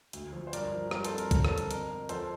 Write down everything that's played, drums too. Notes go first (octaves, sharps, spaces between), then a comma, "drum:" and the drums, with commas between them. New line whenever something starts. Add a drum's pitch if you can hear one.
D2, drum: hi-hat
F3
C5
G2 A#4 D5, drum: hi-hat
F3 A#4
G3 A#4, drum: rim click
A4 C5, drum: hi-hat
C4
A#4, drum: hi-hat
D3 A#4, drum: kick, hi-hat
A4, drum: rim click
G2
A#4, drum: hi-hat
F2 A#4, drum: hi-hat
F2
F3 A4 C5, drum: hi-hat